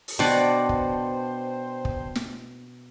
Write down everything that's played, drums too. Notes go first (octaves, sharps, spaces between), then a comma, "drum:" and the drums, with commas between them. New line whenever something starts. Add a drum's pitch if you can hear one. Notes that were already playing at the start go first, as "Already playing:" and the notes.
drum: open hi-hat
B2 D4 C5 D5 F#5 G5 A5 C6
drum: kick
drum: kick
drum: snare